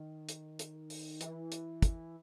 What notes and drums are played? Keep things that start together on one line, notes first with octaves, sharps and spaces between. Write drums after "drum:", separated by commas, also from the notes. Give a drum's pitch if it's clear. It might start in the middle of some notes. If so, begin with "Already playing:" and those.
Already playing: D#3
drum: hi-hat
drum: hi-hat
drum: open hi-hat
E3, drum: hi-hat
drum: hi-hat
drum: kick, hi-hat